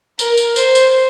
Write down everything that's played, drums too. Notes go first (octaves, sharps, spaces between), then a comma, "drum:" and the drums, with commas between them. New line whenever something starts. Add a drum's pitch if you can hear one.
A#4, drum: tambourine
drum: tambourine
C5, drum: tambourine
drum: tambourine